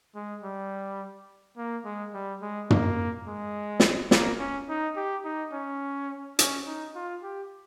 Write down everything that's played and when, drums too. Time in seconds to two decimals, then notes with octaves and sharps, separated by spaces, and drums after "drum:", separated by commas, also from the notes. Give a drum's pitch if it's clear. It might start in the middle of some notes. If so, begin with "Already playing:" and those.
0.15 G#3
0.43 G3
1.57 A#3
1.85 G#3
2.14 G3
2.42 G#3
2.70 A#3, drum: tom
3.27 G#3
3.80 drum: snare
4.11 A#3, drum: snare
4.39 C#4
4.69 D#4
4.96 G4
5.24 D#4
5.53 C#4
6.39 C#4, drum: hi-hat
6.66 D#4
6.95 F4
7.23 G4